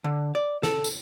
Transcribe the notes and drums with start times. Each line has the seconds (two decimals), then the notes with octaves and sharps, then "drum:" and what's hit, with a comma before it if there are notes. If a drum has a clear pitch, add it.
0.04 D3
0.35 D5
0.63 A4, drum: snare
0.84 drum: tambourine